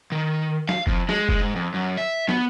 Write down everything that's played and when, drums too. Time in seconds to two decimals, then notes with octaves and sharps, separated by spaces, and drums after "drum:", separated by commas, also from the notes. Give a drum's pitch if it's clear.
0.12 D#3
0.69 F5, drum: snare
0.87 F2, drum: kick
1.09 G#3, drum: snare
1.29 drum: kick
1.41 G#2
1.56 F2
1.74 F#2
1.98 E5
2.29 B3, drum: snare